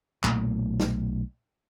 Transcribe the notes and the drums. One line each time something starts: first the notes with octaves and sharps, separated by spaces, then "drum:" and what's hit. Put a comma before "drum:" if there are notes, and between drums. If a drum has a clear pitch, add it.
B1 A#2 A3 A#3, drum: clap
drum: snare